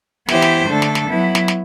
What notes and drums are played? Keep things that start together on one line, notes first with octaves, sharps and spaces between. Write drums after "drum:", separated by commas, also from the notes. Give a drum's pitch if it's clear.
E3 B3 E4 G4 C5, drum: snare
drum: snare
D3 A3 D4 A4
drum: snare
drum: snare
F#3 B3 E4
drum: snare
drum: snare